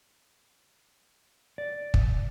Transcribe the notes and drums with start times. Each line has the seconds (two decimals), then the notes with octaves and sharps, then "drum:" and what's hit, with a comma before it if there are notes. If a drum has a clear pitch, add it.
1.58 D5
1.94 drum: kick